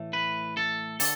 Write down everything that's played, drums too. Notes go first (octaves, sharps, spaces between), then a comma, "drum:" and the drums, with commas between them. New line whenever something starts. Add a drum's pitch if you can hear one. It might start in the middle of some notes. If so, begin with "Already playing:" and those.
Already playing: A2 E3 A3
B4
A4
D3 A4, drum: open hi-hat